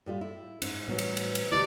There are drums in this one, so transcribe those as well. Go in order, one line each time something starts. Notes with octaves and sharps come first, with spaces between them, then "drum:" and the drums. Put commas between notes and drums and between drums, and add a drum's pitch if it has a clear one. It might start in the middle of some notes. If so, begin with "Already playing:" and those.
A2 G3 F4
E4
G#2 C#4, drum: cymbal
A2 E3 F#3 G3 B3
drum: cymbal
drum: cymbal
drum: cymbal
D#2 C#3 G#3 E4 G4 D5 D#5